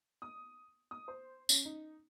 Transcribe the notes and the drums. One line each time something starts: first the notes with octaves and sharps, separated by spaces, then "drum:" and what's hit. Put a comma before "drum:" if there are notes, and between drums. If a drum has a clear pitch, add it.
D#6
D#6
C5
C#4, drum: tambourine
D#4